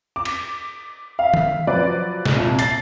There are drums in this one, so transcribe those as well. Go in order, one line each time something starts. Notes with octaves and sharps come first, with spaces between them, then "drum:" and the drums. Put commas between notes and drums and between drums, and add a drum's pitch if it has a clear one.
D6
drum: cymbal
E5 F5
drum: tom D#3
F3 F#3 F4 B4 C5 D5
drum: snare
C2 A#2
A6 C7, drum: hi-hat